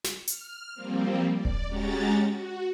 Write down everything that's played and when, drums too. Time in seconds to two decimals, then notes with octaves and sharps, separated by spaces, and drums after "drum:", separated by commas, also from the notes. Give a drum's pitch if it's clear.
0.04 drum: snare
0.27 F6, drum: hi-hat
0.75 F3 G3 A#3 C4
1.32 D5
1.45 drum: kick D#1
1.67 G#3 C#4 F#4 G4 A#5 A6
2.31 F#4